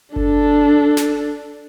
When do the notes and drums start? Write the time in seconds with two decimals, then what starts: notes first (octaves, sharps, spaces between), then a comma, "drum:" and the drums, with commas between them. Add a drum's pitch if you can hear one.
0.16 D4 A4, drum: kick F#1
0.97 drum: snare